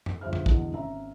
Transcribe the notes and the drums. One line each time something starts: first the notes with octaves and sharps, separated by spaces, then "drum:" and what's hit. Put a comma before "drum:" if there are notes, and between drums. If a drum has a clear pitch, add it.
drum: tom F#2
G1 F4 G#4 C5 E5 F6
drum: tom F#2
E2 B2 D3 E3 G#3, drum: kick
G#1 C#4 E5 A#5